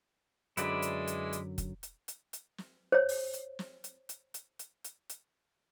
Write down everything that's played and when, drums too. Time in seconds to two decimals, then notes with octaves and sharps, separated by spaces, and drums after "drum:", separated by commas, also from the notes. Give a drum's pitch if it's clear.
0.57 F#2 D3 F#3 G#3 E4 B4 D5, drum: hi-hat
0.82 drum: hi-hat
1.08 drum: hi-hat
1.33 drum: hi-hat
1.58 drum: kick, hi-hat
1.83 drum: hi-hat
2.08 drum: hi-hat
2.33 drum: hi-hat
2.58 drum: snare
2.92 C5 C#5
3.09 drum: open hi-hat
3.34 drum: hi-hat
3.59 drum: snare
3.84 drum: hi-hat
4.09 drum: hi-hat
4.34 drum: hi-hat
4.59 drum: hi-hat
4.84 drum: hi-hat
5.10 drum: hi-hat